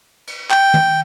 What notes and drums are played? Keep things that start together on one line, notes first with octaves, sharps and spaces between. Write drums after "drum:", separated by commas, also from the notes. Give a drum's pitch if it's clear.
drum: cymbal
G5, drum: clap
drum: tom